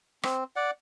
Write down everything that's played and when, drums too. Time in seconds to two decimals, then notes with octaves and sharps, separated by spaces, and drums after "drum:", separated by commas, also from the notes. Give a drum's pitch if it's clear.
0.23 C4, drum: rim click
0.56 D5 F#5